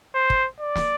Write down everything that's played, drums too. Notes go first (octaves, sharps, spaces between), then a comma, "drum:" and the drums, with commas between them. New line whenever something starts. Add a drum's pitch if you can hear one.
C5
drum: kick
D5
drum: snare